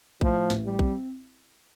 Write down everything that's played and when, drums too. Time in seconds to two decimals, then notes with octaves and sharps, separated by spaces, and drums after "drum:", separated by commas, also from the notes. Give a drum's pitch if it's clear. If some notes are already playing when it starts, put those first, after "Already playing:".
0.21 A2 F3, drum: kick A#1
0.50 A1, drum: snare
0.65 G3
0.79 C4, drum: kick A#1